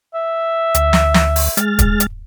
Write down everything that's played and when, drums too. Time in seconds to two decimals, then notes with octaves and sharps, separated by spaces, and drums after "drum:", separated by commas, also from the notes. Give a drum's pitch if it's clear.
0.14 E5
0.74 D2, drum: hi-hat
0.93 drum: snare
1.14 drum: snare
1.36 drum: open hi-hat
1.57 G#3 F6 A6, drum: hi-hat
1.79 drum: kick, hi-hat
2.00 drum: hi-hat